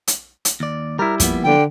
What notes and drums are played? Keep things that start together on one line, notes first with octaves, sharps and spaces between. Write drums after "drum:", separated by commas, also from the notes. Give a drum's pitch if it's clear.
drum: hi-hat
drum: hi-hat
D#2 D5
G3 E4 A#4
F3 A#3 B3, drum: kick, hi-hat
D3 G5